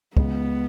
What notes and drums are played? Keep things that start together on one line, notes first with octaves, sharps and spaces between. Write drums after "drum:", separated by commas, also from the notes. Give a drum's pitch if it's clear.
C#2 B3, drum: kick